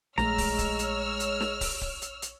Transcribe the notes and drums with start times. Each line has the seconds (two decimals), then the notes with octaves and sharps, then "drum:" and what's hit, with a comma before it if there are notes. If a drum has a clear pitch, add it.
0.18 A#1 G#3 A3 C#5 A#5 E6 F6, drum: snare
0.38 drum: kick, open hi-hat
0.59 drum: kick, hi-hat
0.79 drum: hi-hat
1.20 drum: hi-hat
1.40 drum: snare
1.61 drum: kick, open hi-hat
1.81 drum: kick
2.02 drum: hi-hat
2.22 drum: hi-hat